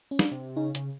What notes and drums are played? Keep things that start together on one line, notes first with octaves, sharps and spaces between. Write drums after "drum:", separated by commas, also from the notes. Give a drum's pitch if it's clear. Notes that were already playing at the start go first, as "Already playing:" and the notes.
C#4
D4, drum: snare
C3
C#3 D#4
C#3, drum: hi-hat